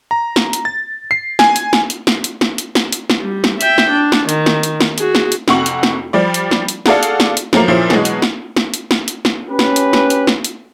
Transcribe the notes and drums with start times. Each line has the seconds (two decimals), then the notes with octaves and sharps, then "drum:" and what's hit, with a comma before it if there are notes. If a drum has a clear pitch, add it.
0.11 A#5
0.36 drum: snare
0.53 drum: hi-hat
0.65 A6
1.11 C7
1.39 G#5, drum: snare
1.56 drum: hi-hat
1.73 drum: snare
1.90 drum: hi-hat
2.07 drum: snare
2.24 drum: hi-hat
2.41 drum: snare
2.58 drum: hi-hat
2.75 drum: snare
2.92 drum: hi-hat
3.10 drum: snare
3.21 G3
3.44 drum: snare
3.61 E5 G5, drum: hi-hat
3.78 drum: snare
3.91 D4
4.12 drum: snare
4.29 D#3, drum: hi-hat
4.46 drum: snare
4.63 drum: hi-hat
4.80 drum: snare
4.98 F#4 G#4, drum: hi-hat
5.15 drum: snare
5.32 drum: hi-hat
5.48 F2 C3 F#4 C#6 F#7, drum: snare
5.66 drum: hi-hat
5.83 drum: snare
6.13 F3 G3 D5
6.34 drum: hi-hat
6.51 drum: snare
6.68 drum: hi-hat
6.86 F#4 G#4 A4 D5 F5, drum: snare
7.03 drum: hi-hat
7.20 drum: snare
7.37 drum: hi-hat
7.53 F3 F#3 A3 A#3, drum: snare
7.68 A#2 F3 C#4 E4 F4
7.90 B2 E3 F#3 G#3, drum: snare
8.05 drum: hi-hat
8.22 drum: snare
8.56 drum: snare
8.74 drum: hi-hat
8.91 drum: snare
9.08 drum: hi-hat
9.25 drum: snare
9.49 C#4 G4 B4
9.59 drum: snare
9.76 drum: hi-hat
9.93 drum: snare
10.10 drum: hi-hat
10.27 drum: snare
10.44 drum: hi-hat